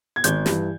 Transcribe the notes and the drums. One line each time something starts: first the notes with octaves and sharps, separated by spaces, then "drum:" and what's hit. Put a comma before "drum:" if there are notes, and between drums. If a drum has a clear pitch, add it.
G#6
G#1 G6, drum: hi-hat
G2 E3, drum: snare